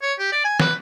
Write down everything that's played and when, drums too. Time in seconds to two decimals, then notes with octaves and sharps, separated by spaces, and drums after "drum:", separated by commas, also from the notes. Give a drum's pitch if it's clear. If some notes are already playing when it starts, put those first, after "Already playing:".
0.02 C#5
0.19 G4
0.32 D5
0.44 G#5
0.60 B4, drum: snare